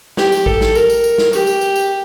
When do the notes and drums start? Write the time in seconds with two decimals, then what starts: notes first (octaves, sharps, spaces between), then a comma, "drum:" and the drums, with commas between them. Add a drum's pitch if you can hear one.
0.17 G4, drum: snare
0.32 drum: tambourine
0.46 A4, drum: kick A1
0.61 drum: snare
0.75 A#4, drum: tambourine
0.90 drum: tambourine
1.04 drum: tambourine
1.18 drum: snare
1.33 G4, drum: tambourine
1.47 drum: tambourine
1.61 drum: tambourine
1.76 drum: tambourine